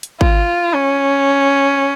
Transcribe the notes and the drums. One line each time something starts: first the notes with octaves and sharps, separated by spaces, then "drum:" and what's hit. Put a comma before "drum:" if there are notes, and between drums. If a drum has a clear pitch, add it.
drum: hi-hat
F4, drum: kick G#1
C#4